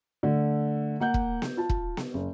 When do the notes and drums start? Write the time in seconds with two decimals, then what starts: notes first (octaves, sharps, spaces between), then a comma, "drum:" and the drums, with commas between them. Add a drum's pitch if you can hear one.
0.23 D3 A3
1.00 A#3 F#5 G6
1.14 drum: kick
1.42 drum: snare B3
1.57 F4 A5
1.69 drum: kick
1.97 drum: snare B3
2.14 F#1